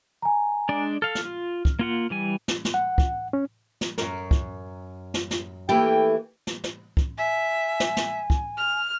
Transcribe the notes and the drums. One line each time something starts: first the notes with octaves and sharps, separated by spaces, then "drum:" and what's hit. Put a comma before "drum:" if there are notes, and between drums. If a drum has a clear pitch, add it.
G#5 A#5
G#3 D4 D5
A4 F5 F6
drum: snare
F4
drum: kick
A#3 F4 F#5
E3 G3 G#5
drum: snare
drum: snare
F#5
drum: kick
C#4
drum: snare
F#2 A#4, drum: snare
drum: kick
drum: snare
drum: snare
E3 A3 A#3 E4 G4 G5
drum: snare
drum: snare
drum: kick
E5 G#5
drum: snare
drum: snare
drum: kick
F6